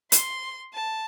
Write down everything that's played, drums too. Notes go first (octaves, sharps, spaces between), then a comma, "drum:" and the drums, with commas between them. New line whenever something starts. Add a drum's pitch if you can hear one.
C6, drum: hi-hat
A5